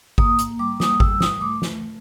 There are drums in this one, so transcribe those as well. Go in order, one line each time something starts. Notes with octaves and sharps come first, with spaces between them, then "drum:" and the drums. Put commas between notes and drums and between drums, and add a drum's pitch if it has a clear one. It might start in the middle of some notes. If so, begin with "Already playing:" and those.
A#3 D#6, drum: kick G#1
drum: hi-hat
G3 D6
D#6, drum: snare
A3 E6, drum: kick G#1
D#6, drum: snare
A3 D6
drum: snare